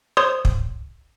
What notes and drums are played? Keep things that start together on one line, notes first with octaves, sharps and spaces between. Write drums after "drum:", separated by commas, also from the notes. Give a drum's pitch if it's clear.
C5 C#5 C6 D#6
drum: kick